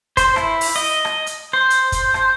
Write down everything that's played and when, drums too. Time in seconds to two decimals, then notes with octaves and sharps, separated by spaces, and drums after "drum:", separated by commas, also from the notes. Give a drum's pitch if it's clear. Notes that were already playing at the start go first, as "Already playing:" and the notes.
0.17 C5, drum: kick, hi-hat
0.36 E4, drum: rim click
0.61 drum: open hi-hat
0.76 D#5
1.05 drum: rim click
1.27 drum: hi-hat
1.53 C5
1.70 drum: hi-hat
1.92 drum: kick, hi-hat
2.14 drum: rim click